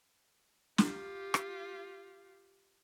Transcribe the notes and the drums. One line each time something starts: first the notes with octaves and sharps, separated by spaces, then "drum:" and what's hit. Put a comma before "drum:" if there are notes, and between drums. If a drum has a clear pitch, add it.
F4 G4, drum: snare
drum: rim click